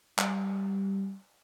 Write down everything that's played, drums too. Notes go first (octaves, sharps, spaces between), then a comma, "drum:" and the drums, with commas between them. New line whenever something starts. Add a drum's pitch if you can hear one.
G3, drum: clap